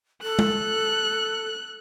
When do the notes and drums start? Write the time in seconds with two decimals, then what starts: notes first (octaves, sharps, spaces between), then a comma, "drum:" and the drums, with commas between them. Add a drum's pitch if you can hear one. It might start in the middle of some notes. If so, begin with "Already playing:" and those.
0.23 A4 F#6
0.39 drum: tom G#3